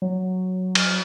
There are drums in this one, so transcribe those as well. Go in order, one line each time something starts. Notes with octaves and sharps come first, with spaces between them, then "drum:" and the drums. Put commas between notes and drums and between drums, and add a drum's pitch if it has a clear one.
F#3
drum: cymbal